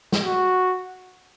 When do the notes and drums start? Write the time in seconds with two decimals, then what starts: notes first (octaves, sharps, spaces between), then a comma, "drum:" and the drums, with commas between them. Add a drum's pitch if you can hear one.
0.12 drum: snare
0.25 F#4